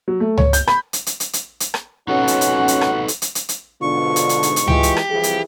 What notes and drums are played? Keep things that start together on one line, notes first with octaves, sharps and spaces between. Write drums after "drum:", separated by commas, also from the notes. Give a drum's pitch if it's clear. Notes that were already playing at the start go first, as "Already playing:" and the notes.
F#3
A3
C#5, drum: tom C#2
G6, drum: hi-hat
B5, drum: rim click
drum: hi-hat
drum: hi-hat
drum: hi-hat
drum: hi-hat
drum: hi-hat
drum: rim click
C#4 D#4 F#4 A4 B4 F#5
drum: hi-hat
drum: hi-hat
drum: hi-hat
drum: rim click
drum: hi-hat
drum: hi-hat
drum: hi-hat
drum: hi-hat
G#2 B2 D3 D4 F4 C#6
drum: hi-hat
drum: hi-hat
drum: hi-hat
drum: hi-hat
E3 G#3 F4 G4, drum: tom C#2
drum: hi-hat
drum: rim click
C2 E3 F3 G#4
drum: hi-hat